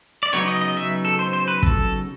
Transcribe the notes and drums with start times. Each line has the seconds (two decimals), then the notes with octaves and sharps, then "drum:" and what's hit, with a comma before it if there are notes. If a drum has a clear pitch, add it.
0.23 D5
0.33 C#3 F#3 B3 D#4 C#5
0.48 D#5
0.61 D#5
0.77 E5
1.05 A4
1.19 C5
1.33 C5
1.48 B4
1.63 A4, drum: kick